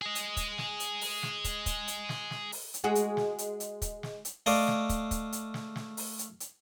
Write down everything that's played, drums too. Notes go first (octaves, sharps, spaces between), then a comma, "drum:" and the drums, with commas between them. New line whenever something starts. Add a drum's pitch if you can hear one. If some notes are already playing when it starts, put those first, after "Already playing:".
G#4 D#5
drum: hi-hat
drum: kick, hi-hat
drum: snare
drum: hi-hat
drum: open hi-hat
drum: snare
drum: kick, hi-hat
drum: kick, hi-hat
drum: hi-hat
drum: snare
drum: snare
drum: open hi-hat
drum: hi-hat
G#3 F#4 G#4
drum: hi-hat
drum: snare
drum: hi-hat
drum: hi-hat
drum: kick, hi-hat
drum: snare
drum: hi-hat
A3 D5 D#5 F5, drum: open hi-hat
drum: snare
drum: kick, hi-hat
drum: kick, hi-hat
drum: hi-hat
drum: snare
drum: snare
drum: open hi-hat
drum: hi-hat
drum: hi-hat